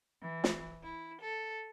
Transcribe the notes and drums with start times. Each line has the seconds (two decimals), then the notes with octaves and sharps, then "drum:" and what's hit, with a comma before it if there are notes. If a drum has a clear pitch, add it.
0.22 E3
0.44 drum: snare
0.83 E4
1.21 A4